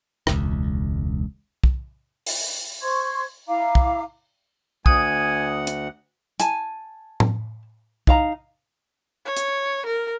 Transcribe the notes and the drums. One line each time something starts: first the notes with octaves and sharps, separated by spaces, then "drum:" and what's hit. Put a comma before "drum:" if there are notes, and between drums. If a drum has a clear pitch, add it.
E1 C#2, drum: rim click
drum: kick
drum: open hi-hat
C5 C6 C#6 G#6
E4 F5 A#5 D6
drum: kick
D2 F#5 G#5 D#6, drum: kick
drum: hi-hat
G#5 A5, drum: hi-hat
drum: tom A2
D#4 F5 A#5, drum: kick
C#5
drum: hi-hat
A#4